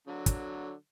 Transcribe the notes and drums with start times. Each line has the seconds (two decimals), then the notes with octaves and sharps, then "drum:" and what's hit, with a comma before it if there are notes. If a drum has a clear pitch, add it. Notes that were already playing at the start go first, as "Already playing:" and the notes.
0.07 D3 F#3
0.26 drum: kick, hi-hat